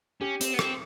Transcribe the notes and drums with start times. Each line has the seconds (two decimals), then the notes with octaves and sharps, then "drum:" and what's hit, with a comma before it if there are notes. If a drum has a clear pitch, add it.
0.21 C#4 G4
0.41 C4, drum: hi-hat
0.54 B3
0.59 C4, drum: rim click